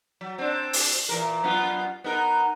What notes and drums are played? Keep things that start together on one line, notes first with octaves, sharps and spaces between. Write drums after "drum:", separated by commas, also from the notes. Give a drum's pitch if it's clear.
F#3
C4 D4
drum: open hi-hat
A#2 E3 A#4
F#2 B3 F4
B3 D#4 A#4